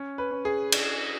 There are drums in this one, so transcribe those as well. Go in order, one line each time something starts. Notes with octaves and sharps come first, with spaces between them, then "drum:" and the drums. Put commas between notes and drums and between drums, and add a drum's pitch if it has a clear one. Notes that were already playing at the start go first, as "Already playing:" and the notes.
Already playing: C#4
B4
C#4
G#4
D4, drum: cymbal